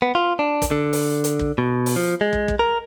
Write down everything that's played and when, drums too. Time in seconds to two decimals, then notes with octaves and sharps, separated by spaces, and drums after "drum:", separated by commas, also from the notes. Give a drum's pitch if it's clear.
0.02 B3
0.15 F4
0.39 D4
0.62 drum: kick, hi-hat
0.71 D3
0.93 drum: open hi-hat
1.24 drum: hi-hat
1.39 drum: kick
1.58 B2
1.86 drum: open hi-hat
1.96 F3
2.21 G#3
2.33 drum: kick
2.48 drum: kick
2.59 A#4